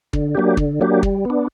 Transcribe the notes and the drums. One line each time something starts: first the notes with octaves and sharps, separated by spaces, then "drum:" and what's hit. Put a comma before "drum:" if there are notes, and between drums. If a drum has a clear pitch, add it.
D3, drum: kick
F#3 A#3 D4 G4
D3, drum: kick
F#3 A#3 D4 G4
G3, drum: kick
B3 D4